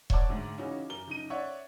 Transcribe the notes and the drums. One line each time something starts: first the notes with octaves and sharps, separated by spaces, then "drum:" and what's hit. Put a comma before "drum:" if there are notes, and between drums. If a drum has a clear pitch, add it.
C#5 D5 F#5 A5 D6, drum: kick E1
D2 G#2
C#3 E3 C#4 D#4 F#4
F#2 A#4 G7
F#1 D#4 D#7
C#5 D5 E5 F#5 C#6